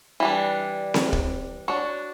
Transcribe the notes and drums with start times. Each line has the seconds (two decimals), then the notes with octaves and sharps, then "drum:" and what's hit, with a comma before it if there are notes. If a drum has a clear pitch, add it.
0.20 E3 G3 D4
0.94 drum: snare C4
1.13 drum: kick
1.68 D4 F#4 C#5